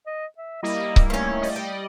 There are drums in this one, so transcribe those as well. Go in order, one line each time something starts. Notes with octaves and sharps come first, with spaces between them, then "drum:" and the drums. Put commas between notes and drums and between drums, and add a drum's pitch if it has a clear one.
D#5
E5
G3 A#3 E4 D#5
drum: kick C#1
D#3 A3 C#4
G3 D5 D#5
G5